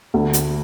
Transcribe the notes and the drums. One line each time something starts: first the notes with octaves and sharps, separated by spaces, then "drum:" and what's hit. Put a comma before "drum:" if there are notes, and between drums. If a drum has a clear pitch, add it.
D2
drum: hi-hat